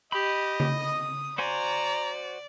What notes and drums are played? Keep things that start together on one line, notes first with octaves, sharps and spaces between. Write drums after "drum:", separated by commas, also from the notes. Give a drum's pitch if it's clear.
G4 D#5 B5
drum: tom C#3
D#6
F#4 C5 D5 G#5 A#5